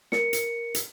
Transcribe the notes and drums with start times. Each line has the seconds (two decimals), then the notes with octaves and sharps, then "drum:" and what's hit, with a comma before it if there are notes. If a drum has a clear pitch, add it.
0.12 A#4 C#7, drum: snare
0.33 drum: hi-hat
0.74 drum: hi-hat